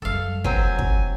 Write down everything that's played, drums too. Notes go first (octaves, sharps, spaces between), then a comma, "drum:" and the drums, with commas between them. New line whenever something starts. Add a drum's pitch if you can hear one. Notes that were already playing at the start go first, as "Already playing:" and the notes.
F#2 G3 A4 F5
D3 F#3 C4 G#5, drum: kick
drum: kick